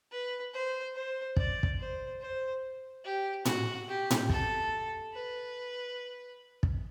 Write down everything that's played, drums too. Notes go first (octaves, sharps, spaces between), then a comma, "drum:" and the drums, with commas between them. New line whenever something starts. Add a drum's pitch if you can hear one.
B4
C5
C5
D5, drum: kick
drum: kick
C5
C5
G4
F#4, drum: tom A2
G4
drum: tom A2
A4, drum: kick
B4
drum: kick